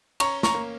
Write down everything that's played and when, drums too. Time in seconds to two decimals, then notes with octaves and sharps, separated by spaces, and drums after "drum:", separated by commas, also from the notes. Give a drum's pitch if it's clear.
0.20 C#4 A#5 C#6, drum: cymbal
0.43 A#5 C#6, drum: snare
0.54 A#3